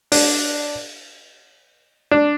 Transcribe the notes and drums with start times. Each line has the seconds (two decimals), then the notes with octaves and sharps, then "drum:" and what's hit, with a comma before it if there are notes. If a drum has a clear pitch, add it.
0.12 D4, drum: open hi-hat
2.11 D4